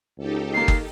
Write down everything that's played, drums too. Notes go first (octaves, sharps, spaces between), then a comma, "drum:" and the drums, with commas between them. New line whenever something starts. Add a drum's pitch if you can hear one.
C#2 D#4 G4 A4
D#3 A#3 C7
drum: kick G1